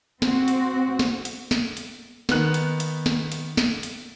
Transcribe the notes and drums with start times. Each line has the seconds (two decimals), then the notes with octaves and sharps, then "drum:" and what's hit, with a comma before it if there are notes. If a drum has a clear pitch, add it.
0.22 C4 F#4, drum: snare
0.48 drum: hi-hat
0.99 drum: snare
1.25 drum: hi-hat
1.51 drum: snare
1.77 drum: hi-hat
2.29 D#3 B3 F#6, drum: snare
2.54 drum: hi-hat
2.80 drum: hi-hat
3.06 drum: snare
3.32 drum: hi-hat
3.57 drum: snare
3.83 drum: hi-hat